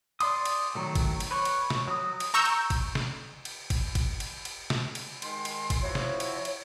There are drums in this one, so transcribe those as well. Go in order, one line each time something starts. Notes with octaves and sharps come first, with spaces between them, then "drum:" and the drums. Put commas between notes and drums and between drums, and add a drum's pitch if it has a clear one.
D5 C6 D#6, drum: cymbal
drum: cymbal
D#3 F#3 A3
drum: kick G1, cymbal
drum: cymbal
B4 C#5
drum: cymbal
drum: snare
F#3 D#6
drum: cymbal
A#5 C#6 E6 G6
drum: cymbal
drum: kick G1, cymbal
drum: snare
drum: cymbal
drum: kick G1, cymbal
drum: kick G1, cymbal
drum: cymbal
drum: cymbal
drum: snare
drum: cymbal
D#3 G#3 C6, drum: cymbal
drum: cymbal
drum: kick G1, cymbal
F3 E4 F#4 C#5
drum: snare
drum: cymbal
drum: cymbal